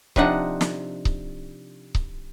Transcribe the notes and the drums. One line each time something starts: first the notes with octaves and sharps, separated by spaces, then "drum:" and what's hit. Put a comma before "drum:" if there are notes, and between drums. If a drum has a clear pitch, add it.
C3 F3 D4 D#4 F#5, drum: kick C#1
drum: snare
drum: kick C#1
drum: kick C#1